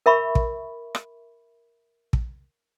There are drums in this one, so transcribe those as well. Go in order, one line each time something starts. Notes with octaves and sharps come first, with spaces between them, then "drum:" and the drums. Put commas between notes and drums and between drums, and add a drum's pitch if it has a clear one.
A#4 E5 B5 C#6
drum: kick
drum: rim click
drum: kick